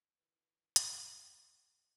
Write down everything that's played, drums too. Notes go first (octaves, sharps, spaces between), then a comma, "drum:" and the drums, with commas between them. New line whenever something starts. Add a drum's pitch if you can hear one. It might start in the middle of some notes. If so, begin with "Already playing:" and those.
D#3 D#4 E4 A#4 B4
drum: hi-hat